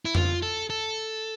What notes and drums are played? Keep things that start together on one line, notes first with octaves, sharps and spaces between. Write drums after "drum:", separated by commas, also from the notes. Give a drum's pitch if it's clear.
E4
F4, drum: tom F2
A4
A4